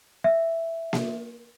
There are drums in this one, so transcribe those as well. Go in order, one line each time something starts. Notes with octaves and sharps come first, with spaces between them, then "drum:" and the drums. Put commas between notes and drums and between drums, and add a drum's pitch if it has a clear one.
E5
drum: snare A#3